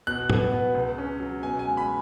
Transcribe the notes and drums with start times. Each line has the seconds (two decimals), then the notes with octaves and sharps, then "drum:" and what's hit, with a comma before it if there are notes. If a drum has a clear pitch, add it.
0.07 B2 F#6
0.30 B3, drum: tom A2
0.52 B3
0.75 C#2
0.98 C#4
1.20 F#3
1.43 B2 G#5
1.59 G#5
1.65 G#3
1.77 B5